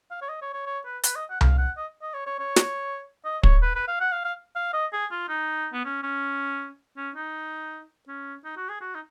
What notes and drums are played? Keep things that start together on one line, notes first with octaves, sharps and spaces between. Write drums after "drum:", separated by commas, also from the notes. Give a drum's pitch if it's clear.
F5
C#5
D#5
C#5
C#5
C#5
B4
B4, drum: hi-hat
D#5
F#5
F5, drum: tom C2
F#5
D#5
D#5
C#5
C#5
C#5
drum: snare
D#5
C#5, drum: kick
B4
B4
F5
F#5
F5
F5
F5
D#5
G#4
F4
D#4
B3
C#4
C#4
C#4
D#4
C#4
D#4
F#4
G#4
F#4
D#4